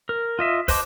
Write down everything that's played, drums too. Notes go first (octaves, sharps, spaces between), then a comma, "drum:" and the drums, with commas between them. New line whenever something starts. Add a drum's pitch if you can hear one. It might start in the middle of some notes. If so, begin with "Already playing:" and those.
A#4
F4 D#5 E5
B4 C5 D#5 A5 D6, drum: kick, open hi-hat